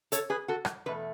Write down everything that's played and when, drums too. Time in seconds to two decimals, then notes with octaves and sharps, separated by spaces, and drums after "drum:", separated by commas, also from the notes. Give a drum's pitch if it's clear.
0.12 A4 C#5, drum: hi-hat
0.30 G#4 B4
0.48 F#4 A4
0.65 drum: rim click
0.86 E2 B2 A3 B4